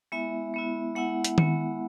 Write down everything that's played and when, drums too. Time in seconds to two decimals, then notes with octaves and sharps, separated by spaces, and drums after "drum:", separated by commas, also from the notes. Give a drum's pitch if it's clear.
0.12 G#3 B3 E4 E5
0.54 G#3 B3 E4
0.96 G#3 B3 E4 F#5
1.24 drum: hi-hat
1.38 G#3 B3 E4, drum: tom D#3